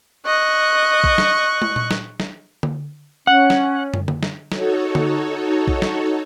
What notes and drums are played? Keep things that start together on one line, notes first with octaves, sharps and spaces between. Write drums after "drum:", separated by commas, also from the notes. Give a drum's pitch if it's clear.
D#5 C#6 F#6
drum: kick A#1
drum: snare
drum: tom
drum: tom A#2
drum: snare
drum: snare
drum: tom D3
C#4 F#5
drum: snare
drum: tom
drum: tom D3
drum: snare
D#4 F#4 A4 C#5, drum: snare
drum: tom D3
drum: kick A#1
drum: snare